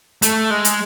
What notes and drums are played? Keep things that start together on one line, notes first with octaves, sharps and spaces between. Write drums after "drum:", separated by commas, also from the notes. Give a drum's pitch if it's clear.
A3, drum: hi-hat
G#3
drum: hi-hat